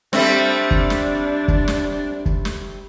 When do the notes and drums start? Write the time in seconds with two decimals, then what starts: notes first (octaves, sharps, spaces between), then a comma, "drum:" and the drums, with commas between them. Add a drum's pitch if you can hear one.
0.13 G3 A3 C4 D4, drum: snare
0.71 drum: kick
0.90 drum: snare
1.48 drum: kick
1.68 drum: snare
2.26 drum: kick
2.45 drum: snare